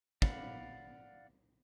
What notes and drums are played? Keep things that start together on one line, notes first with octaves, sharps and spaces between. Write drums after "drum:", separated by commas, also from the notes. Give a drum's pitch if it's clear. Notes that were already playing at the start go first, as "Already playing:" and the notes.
D5 F5 F#5 B5, drum: kick